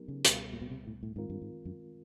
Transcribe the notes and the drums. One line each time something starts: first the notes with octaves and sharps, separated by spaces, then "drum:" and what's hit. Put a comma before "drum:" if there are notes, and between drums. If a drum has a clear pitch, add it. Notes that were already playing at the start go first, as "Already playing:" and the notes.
Already playing: F#3 B3 D#4 G4 A#4
C#3
C#2 B2 G3 B3, drum: hi-hat
A#2
B2
C3
A2
A2
G#2 D#3 G#3 C4 F4 A#4
G2
G#2
F#2